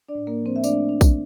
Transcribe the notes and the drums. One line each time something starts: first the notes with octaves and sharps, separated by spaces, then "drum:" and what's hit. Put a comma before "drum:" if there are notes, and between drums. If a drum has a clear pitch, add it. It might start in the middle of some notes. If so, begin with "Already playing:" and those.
D4 D5
A2
A#3 A#4
F3
C4 C5
E5
A3 D4 D5, drum: tambourine
D4
drum: kick A#1, tambourine